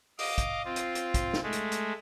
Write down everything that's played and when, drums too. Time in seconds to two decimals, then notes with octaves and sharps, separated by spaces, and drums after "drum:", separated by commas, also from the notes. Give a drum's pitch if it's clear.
0.19 D#5 F5 D6, drum: open hi-hat
0.38 drum: kick, hi-hat
0.65 C4 F4
0.76 drum: hi-hat
0.95 drum: hi-hat
1.14 drum: kick, hi-hat
1.33 drum: snare
1.43 G#3 A3
1.53 drum: hi-hat
1.72 drum: hi-hat